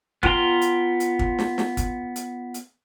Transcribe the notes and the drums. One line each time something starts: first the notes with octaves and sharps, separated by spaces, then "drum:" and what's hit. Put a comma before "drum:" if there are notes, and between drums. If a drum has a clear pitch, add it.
B3 F4 G5 A#5 C6, drum: kick
drum: hi-hat
drum: hi-hat
drum: kick
drum: snare
drum: snare
drum: kick, hi-hat
drum: hi-hat
drum: hi-hat